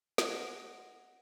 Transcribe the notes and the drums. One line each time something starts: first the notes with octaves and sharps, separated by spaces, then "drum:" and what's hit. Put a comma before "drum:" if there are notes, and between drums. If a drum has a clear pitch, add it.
D#5 F#5, drum: snare